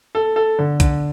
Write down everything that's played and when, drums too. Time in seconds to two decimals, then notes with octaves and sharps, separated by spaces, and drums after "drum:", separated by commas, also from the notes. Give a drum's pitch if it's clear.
0.15 A4
0.36 A4
0.59 D3
0.80 D3, drum: kick B1, hi-hat